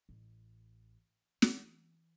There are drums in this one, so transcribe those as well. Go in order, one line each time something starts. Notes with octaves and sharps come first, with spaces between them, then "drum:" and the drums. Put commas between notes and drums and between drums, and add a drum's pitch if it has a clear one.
A1
E3, drum: snare